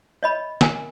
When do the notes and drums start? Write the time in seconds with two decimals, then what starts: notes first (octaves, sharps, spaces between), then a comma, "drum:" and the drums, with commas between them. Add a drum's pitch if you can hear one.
0.23 C#5 D#5 B5
0.61 A#4 G#5, drum: snare